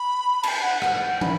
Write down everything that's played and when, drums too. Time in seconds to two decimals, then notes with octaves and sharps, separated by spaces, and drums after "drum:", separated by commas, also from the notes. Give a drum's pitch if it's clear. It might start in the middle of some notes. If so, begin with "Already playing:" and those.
Already playing: B5
0.43 A5, drum: cymbal
0.48 G5
0.63 F#5
0.82 F#5, drum: rim click
1.01 G5
1.21 B5, drum: tom